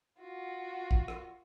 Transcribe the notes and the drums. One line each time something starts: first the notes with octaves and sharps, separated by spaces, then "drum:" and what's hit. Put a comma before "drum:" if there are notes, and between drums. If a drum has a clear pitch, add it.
F4 F#4
drum: kick
drum: rim click